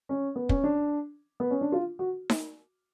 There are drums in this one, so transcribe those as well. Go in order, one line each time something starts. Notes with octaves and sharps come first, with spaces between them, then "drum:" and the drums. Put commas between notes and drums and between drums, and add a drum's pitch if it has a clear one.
C#4
B3
C#4, drum: kick
D4
B3
C#4
D4
F4
F#4
drum: snare D#4